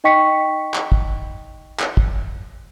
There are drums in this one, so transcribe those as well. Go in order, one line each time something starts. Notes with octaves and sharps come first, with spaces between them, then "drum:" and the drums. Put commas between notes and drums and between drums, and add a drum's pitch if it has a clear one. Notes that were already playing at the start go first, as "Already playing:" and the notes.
D#4 D#5 G5 C#6 B6 C#7
drum: clap
drum: kick
drum: clap
drum: kick